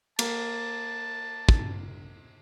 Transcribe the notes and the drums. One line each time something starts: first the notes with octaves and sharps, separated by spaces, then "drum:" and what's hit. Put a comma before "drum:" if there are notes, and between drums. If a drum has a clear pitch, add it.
A#3 A5, drum: cymbal
drum: kick